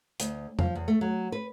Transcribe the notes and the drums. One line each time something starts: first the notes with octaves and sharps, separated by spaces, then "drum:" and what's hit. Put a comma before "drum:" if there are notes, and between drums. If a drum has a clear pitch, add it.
D2, drum: hi-hat
F3, drum: tom F2
E2
A3
F#3
B4